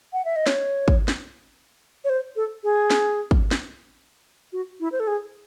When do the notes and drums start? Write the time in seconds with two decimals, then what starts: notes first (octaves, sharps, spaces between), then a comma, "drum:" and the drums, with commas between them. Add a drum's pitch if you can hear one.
0.13 F#5
0.25 E5
0.36 D#5
0.47 C#5, drum: snare
0.88 drum: kick
1.08 drum: snare
2.05 C#5
2.10 C5
2.36 A4
2.64 G#4
2.90 drum: snare
3.31 drum: kick
3.51 drum: snare
4.53 F#4
4.80 E4
4.92 C5
5.00 A4
5.07 G#4